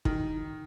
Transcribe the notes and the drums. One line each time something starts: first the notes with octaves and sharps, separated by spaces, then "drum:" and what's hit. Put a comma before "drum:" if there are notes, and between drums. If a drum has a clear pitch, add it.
D#3, drum: kick